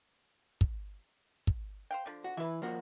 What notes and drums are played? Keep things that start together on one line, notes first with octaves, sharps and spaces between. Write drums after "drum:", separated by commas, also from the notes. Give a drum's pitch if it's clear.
drum: kick
drum: kick
C5 F5 G5
D3 F3
F#4
E3 E4 B4 E5
F3 A#3 F#4